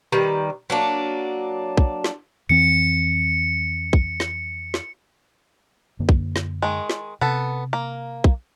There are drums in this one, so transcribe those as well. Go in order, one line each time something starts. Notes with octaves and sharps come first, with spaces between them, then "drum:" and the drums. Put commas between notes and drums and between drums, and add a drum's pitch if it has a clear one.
D#3 G3 B4
F#3 A#3 D4
drum: kick
drum: snare
F2 E3 C4 C#7
drum: kick
drum: snare
drum: snare
F#2 D3 A#3
drum: kick
drum: snare
D#3 G#3
drum: snare
C3 B3 A4
A#3
drum: kick